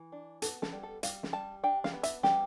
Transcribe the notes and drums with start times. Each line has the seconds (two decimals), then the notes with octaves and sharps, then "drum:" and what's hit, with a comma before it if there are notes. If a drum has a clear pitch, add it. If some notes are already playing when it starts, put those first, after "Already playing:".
Already playing: E3
0.12 D4
0.42 B3 A4, drum: hi-hat
0.62 A4, drum: snare
0.73 G3
0.83 A4
1.03 G3 F5, drum: hi-hat
1.23 drum: snare
1.33 G3 A5
1.64 D4 G5
1.84 F5, drum: snare
1.94 B3
2.03 E5, drum: hi-hat
2.23 G3 G4, drum: snare